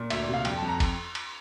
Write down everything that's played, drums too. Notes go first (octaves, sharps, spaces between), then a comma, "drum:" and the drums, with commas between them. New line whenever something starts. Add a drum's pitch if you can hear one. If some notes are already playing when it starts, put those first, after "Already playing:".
Already playing: A#2
D2 E5, drum: cymbal
D5
C3
F5
F2 G5, drum: cymbal
A5
F2
A#5
drum: kick F#1, cymbal
drum: cymbal